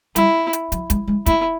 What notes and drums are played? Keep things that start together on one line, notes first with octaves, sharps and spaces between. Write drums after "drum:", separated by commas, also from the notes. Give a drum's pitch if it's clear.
G3 E4, drum: hi-hat
drum: hi-hat
F#3, drum: hi-hat
G#3, drum: kick, hi-hat
G#3
A3 E4, drum: kick, hi-hat